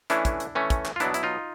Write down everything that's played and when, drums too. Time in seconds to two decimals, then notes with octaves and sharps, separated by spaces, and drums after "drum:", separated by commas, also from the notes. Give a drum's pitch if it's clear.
0.10 E3 A3 C#4 D4 E4, drum: hi-hat
0.25 drum: kick, hi-hat
0.40 drum: hi-hat
0.55 E3 A3 C#4
0.70 drum: kick, hi-hat
0.85 drum: clap
0.96 F4
1.00 B2 F#3 B3 D4 E4, drum: hi-hat
1.14 E4, drum: hi-hat
1.23 D#4 F4